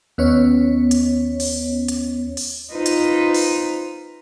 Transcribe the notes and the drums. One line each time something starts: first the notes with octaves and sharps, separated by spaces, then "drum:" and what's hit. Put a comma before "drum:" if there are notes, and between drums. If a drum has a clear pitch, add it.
D#2 B3 C#4 C#5
drum: hi-hat
drum: open hi-hat
drum: hi-hat
drum: open hi-hat
D#4 F4 B4 C5
drum: hi-hat
drum: open hi-hat